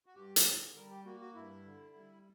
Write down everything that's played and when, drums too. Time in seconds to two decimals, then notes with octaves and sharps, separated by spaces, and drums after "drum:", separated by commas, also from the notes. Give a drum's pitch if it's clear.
0.06 F#4
0.15 G2 G4
0.36 drum: hi-hat
0.46 D3
0.75 G3 A#4
0.90 G4
1.05 A#3 F#4
1.20 F#4
1.35 G2 E4
1.65 D3
1.95 G3